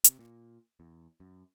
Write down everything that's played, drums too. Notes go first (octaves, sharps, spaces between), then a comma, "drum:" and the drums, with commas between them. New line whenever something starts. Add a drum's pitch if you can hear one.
C3, drum: hi-hat
A#2
E2
F#2